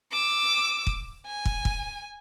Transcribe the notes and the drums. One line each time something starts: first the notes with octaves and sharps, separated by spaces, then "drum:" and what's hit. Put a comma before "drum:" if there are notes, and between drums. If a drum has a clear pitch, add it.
D6 E6
drum: kick
G#5
drum: kick
drum: kick